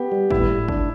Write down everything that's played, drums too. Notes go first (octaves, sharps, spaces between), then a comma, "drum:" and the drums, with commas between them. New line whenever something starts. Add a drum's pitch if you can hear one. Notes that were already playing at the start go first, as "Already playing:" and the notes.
Already playing: B3 G4
G3
A2 E4, drum: kick G1
A2
D4, drum: kick G1